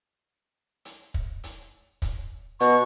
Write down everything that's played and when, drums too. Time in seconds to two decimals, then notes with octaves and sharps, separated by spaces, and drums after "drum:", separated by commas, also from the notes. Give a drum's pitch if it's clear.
0.85 drum: hi-hat
1.14 drum: kick
1.44 drum: hi-hat
2.02 drum: kick, hi-hat
2.60 B2 C#6, drum: hi-hat